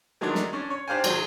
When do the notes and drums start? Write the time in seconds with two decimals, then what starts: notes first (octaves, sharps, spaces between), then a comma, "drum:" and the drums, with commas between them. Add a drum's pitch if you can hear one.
0.21 D#3 F#3 G#3 A3 D4
0.35 drum: snare
0.53 C#4 D4
0.70 C#5
0.88 D4 G4 C5 F5 G5 G#5
1.04 G#1 F#3 G#4, drum: cymbal